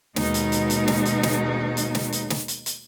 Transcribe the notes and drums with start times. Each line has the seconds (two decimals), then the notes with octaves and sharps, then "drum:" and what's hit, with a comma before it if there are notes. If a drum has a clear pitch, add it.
0.16 D#2 B2 G#3 D#4, drum: snare
0.34 drum: hi-hat
0.52 drum: hi-hat
0.70 drum: hi-hat
0.88 drum: snare
1.05 drum: hi-hat
1.23 drum: snare
1.77 drum: hi-hat
1.95 drum: snare
2.12 drum: hi-hat
2.30 drum: snare
2.48 drum: hi-hat
2.66 drum: hi-hat